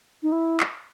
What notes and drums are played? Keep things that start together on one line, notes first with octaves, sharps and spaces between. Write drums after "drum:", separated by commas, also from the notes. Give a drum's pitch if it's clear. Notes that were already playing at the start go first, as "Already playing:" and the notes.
D#4
E4
drum: clap